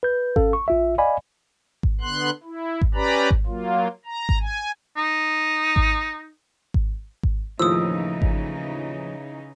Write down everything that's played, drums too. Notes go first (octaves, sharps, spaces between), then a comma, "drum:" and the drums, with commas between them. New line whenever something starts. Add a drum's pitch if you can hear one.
B4 G6
C#4 A4 F5, drum: kick G#1
C#6
A#1 F4 E5
D5 D#5 F5 G#5 B5
drum: kick G#1
D3 B3 C6 F#6
E4
drum: kick G#1
C#4 G4 B4 D5 A#5 B5
drum: kick G#1
F#3 A#3 F4
A#5
drum: kick G#1
G#5
D#4
drum: kick G#1
drum: kick G#1
drum: kick G#1
D#2 A2 C#3 E3 F3 D#4 D#6 E6
drum: kick G#1